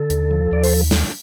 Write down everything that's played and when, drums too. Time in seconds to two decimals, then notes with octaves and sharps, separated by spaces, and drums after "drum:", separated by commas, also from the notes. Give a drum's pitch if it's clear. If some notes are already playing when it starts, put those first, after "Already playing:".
Already playing: D3 A4
0.10 D#2, drum: hi-hat
0.31 F3
0.51 D#2 D5
0.64 C5, drum: open hi-hat
0.91 drum: snare